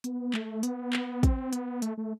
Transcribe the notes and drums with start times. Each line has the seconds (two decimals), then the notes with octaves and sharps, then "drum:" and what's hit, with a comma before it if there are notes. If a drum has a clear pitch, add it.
0.04 B3, drum: hi-hat
0.34 A3, drum: clap
0.63 B3, drum: hi-hat
0.93 drum: clap
1.23 C4, drum: kick, hi-hat
1.53 B3, drum: hi-hat
1.82 A3, drum: hi-hat
1.97 A3